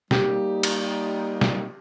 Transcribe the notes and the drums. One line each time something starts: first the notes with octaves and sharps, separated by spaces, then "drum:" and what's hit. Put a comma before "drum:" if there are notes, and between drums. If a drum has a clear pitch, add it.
G3 A#3 D#4 G4, drum: snare
drum: cymbal
drum: snare